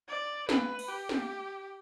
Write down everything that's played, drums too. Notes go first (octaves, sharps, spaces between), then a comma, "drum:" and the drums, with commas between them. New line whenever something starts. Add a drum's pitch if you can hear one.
D5
B4, drum: snare
drum: cymbal
G4
drum: snare